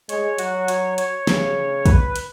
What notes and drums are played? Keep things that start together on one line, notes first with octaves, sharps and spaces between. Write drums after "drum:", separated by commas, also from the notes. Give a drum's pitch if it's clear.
G#3 C#5, drum: hi-hat
F#3 F#4, drum: hi-hat
C#5, drum: hi-hat
C#5, drum: hi-hat
C#3, drum: snare
B4, drum: kick, hi-hat
drum: hi-hat